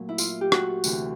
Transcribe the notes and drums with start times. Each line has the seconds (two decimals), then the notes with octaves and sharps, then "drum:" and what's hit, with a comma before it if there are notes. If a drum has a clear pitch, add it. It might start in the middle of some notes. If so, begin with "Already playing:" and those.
Already playing: A#2 F#3 A3
0.09 E4
0.18 F4, drum: tambourine
0.41 G4
0.52 F#4, drum: rim click
0.84 D2 C3 E3, drum: tambourine